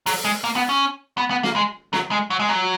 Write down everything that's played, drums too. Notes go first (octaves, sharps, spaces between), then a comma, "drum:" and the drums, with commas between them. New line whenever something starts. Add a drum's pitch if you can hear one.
F#3, drum: open hi-hat
G#3
A#3
B3
C#4
B3
B3
A#3, drum: snare
G#3
F#3, drum: snare
G#3
F#3
G#3
F#3